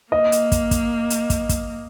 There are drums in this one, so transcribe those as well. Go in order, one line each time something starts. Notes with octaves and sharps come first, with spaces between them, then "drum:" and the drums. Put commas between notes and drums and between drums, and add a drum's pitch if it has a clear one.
A#3 D#5
drum: hi-hat
drum: kick, hi-hat
drum: kick, hi-hat
drum: hi-hat
drum: kick, hi-hat
drum: kick, hi-hat